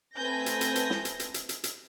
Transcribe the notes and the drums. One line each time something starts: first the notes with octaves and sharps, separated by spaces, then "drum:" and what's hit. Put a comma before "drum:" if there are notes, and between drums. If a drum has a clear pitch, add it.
A3 C4 B4 G#5 G6 A#6
drum: hi-hat
drum: hi-hat
drum: hi-hat
drum: snare
drum: hi-hat
drum: hi-hat
drum: hi-hat
drum: hi-hat
drum: hi-hat